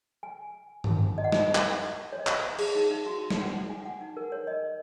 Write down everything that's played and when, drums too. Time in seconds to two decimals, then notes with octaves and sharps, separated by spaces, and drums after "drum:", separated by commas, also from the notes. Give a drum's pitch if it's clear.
0.23 G#5
0.84 drum: tom G2
1.18 D#5
1.24 F#5
1.32 D#5, drum: snare
1.55 drum: clap
2.13 C#5
2.20 D#5
2.27 C#5, drum: clap
2.59 G#4, drum: cymbal
2.75 D#4
2.91 D#4
3.06 F#4
3.18 F#4
3.31 C#5, drum: snare
3.42 F#5
3.54 F#5
3.70 G#5
3.85 F#5
4.01 D#4
4.17 A#4
4.32 C#5
4.47 D#5